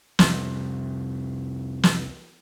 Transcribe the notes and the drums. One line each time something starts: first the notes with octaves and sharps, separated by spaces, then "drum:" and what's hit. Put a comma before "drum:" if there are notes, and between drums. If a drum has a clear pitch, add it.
C2 F2, drum: snare
drum: snare